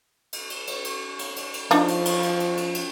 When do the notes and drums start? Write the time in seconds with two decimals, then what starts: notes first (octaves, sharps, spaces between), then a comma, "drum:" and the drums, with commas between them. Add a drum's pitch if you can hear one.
0.33 drum: cymbal
0.50 drum: cymbal
0.67 drum: cymbal
0.84 drum: cymbal
1.19 drum: cymbal
1.36 drum: cymbal
1.54 drum: cymbal
1.71 F3 D4 D#4, drum: cymbal
1.88 drum: cymbal
2.05 drum: cymbal
2.23 drum: cymbal
2.40 drum: cymbal
2.57 drum: cymbal
2.74 drum: cymbal